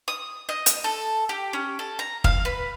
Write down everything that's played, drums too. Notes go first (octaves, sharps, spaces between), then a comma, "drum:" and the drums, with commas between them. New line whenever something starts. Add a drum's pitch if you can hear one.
D#6
D#5
drum: hi-hat
A4
G4
C#4
A4
A#5
F5, drum: kick
B4